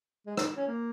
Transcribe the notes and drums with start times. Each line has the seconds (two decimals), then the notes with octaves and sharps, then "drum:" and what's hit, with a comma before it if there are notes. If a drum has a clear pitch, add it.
0.27 G#3
0.37 D#4, drum: rim click
0.57 C#4
0.68 A#3